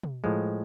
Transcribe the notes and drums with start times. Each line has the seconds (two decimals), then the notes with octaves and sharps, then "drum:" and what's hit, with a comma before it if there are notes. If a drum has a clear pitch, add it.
0.03 drum: tom B2
0.24 A2 F3 G#3